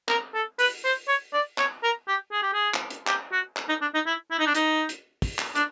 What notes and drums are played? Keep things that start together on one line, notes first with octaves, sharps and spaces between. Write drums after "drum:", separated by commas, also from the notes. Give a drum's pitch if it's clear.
A#4, drum: clap
A4
B4, drum: open hi-hat
C5
C#5
D5
C#5, drum: clap
A#4
G4
G#4
G4
G#4
drum: clap
drum: hi-hat
G4, drum: clap
F#4
drum: clap
D#4
D4
D#4
E4
E4
D#4
D4
D#4, drum: hi-hat
drum: hi-hat
drum: kick, open hi-hat
drum: clap
D4, drum: hi-hat